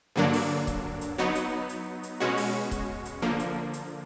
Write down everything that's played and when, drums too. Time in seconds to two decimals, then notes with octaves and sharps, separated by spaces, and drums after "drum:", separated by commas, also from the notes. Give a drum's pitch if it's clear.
0.16 G2 D3 F#3 A#3 D4
0.33 drum: open hi-hat
0.67 drum: kick, hi-hat
1.01 drum: hi-hat
1.18 F#3 B3 D#4
1.35 drum: hi-hat
1.69 drum: hi-hat
2.03 drum: hi-hat
2.20 B2 G#3 C#4 F#4
2.37 drum: open hi-hat
2.71 drum: kick, hi-hat
3.05 drum: hi-hat
3.22 D3 F3 A#3
3.39 drum: hi-hat
3.73 drum: hi-hat